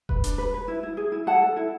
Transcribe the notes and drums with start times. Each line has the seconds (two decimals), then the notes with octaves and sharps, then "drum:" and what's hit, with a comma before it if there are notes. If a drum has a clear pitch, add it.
0.09 B4, drum: kick E1
0.24 D4, drum: hi-hat
0.38 B4
0.54 B4
0.68 E4
0.83 E4
0.97 G#4
1.12 E4
1.27 A4 F#5 A5
1.42 A4
1.56 E4